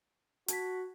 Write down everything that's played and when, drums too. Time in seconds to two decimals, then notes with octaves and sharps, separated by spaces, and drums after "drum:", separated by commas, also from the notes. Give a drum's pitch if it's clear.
0.48 F#4 A5 G#6 B6, drum: hi-hat